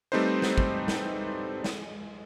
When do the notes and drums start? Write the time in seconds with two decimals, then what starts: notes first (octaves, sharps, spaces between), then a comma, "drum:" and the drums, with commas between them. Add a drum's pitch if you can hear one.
0.12 G3 A3 C4 D#4 B4 C5
0.42 drum: snare
0.58 drum: kick
0.88 drum: snare
1.64 drum: snare